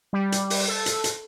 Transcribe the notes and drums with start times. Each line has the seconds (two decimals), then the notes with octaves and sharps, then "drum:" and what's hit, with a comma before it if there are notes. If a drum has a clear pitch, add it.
0.13 G3
0.32 drum: hi-hat
0.50 drum: open hi-hat
0.68 A4
0.86 drum: hi-hat
1.04 drum: hi-hat